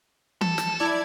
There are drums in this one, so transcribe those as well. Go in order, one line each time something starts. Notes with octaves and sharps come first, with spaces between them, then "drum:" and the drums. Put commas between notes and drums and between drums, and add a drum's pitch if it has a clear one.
A4, drum: tom
drum: snare
E4 D5 G#6